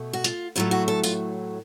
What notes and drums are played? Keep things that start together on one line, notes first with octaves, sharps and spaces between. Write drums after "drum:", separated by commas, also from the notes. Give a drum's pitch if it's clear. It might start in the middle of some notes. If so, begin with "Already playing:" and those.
Already playing: B2 A3
F#4
F4, drum: hi-hat
A2 F#3 A3 F4
F#4
A4
F4, drum: tambourine